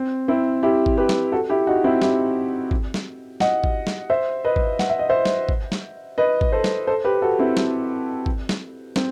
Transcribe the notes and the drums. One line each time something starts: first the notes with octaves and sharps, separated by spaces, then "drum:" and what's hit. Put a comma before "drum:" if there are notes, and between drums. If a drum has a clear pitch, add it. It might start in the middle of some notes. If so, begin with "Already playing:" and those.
Already playing: C4
C4 E4
E4 G4
drum: kick
G4 B4
drum: snare
F#4 A4
E4 G4
D#4 F#4
C4 E4
E4 G4, drum: snare
drum: kick
drum: snare
D#5 F#5, drum: snare
drum: kick
drum: snare
C5 E5
B4 D#5
drum: kick
F#5, drum: snare
E5
D#5
C5 E5
drum: snare
drum: kick
drum: snare
B4 D#5
drum: kick
A4 C5
drum: snare
A4 C5
G4 B4
F#4 A4
C4 E4
drum: snare
drum: kick
drum: snare
C4, drum: snare